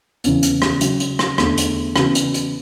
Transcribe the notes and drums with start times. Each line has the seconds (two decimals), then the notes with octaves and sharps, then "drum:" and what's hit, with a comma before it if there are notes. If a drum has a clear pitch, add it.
0.24 E2 C#3 E3, drum: hi-hat
0.43 drum: hi-hat
0.62 drum: rim click
0.81 C#3 F#3 C#4, drum: hi-hat
1.00 drum: hi-hat
1.19 drum: rim click
1.38 E2 D3 A3, drum: rim click
1.57 drum: hi-hat
1.96 C#3 E3 B3 F#4, drum: rim click
2.15 drum: hi-hat
2.34 drum: hi-hat